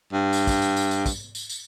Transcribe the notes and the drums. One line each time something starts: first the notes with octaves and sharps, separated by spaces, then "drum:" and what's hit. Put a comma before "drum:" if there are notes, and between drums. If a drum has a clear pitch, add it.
G2
drum: tambourine
drum: kick, tambourine
drum: tambourine
drum: tambourine
drum: tambourine
drum: kick, tambourine
drum: tambourine
drum: tambourine